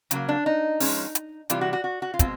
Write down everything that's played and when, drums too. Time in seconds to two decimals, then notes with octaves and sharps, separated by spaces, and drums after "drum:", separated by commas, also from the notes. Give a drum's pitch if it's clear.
0.11 C#3 F#3 A#3, drum: hi-hat
0.29 D4
0.46 D#4
0.80 F3 G#3 C#4, drum: open hi-hat
1.15 drum: hi-hat
1.50 C3 E3 G3 F4, drum: hi-hat
1.61 F#4
1.73 F#4
1.84 F#4
2.02 F#4
2.14 F4
2.19 B2 G#3 C4, drum: kick, hi-hat